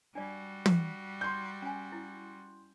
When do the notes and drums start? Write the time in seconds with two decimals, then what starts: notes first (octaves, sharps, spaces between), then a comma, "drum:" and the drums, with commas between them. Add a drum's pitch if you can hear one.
0.15 G3 D4 F#4 D5
0.66 drum: tom
1.21 C6 G6
1.62 C#4 G#5
1.92 E4